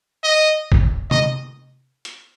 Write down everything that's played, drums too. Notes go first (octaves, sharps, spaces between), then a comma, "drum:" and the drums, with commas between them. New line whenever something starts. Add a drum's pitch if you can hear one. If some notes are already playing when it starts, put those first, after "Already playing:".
D#5
drum: kick
D#5, drum: tom C3
drum: hi-hat